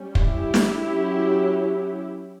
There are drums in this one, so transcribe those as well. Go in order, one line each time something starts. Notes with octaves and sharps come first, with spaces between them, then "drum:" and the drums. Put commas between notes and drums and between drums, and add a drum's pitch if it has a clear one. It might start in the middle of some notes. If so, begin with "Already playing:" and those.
Already playing: G3 C#4
E4 G4, drum: kick
drum: snare
F#3 C#4